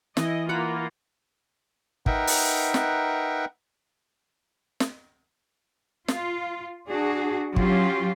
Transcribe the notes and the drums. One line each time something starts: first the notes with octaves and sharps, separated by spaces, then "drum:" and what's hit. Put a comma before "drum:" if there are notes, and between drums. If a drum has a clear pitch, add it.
E3 E4 D#5, drum: snare
A#3 F4 F#5 A#5 B5
D#4 A#4 B4 E5 F#5 G5, drum: kick
drum: open hi-hat
drum: snare
drum: snare
F4, drum: snare
D4 F#4 G#4
F#3 C#4 F4 G4, drum: kick